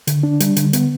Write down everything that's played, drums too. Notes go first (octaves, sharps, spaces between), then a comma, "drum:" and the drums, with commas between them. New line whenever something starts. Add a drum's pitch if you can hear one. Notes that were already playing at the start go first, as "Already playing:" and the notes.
D3, drum: hi-hat
D4
G3, drum: hi-hat
D3, drum: hi-hat
B3, drum: hi-hat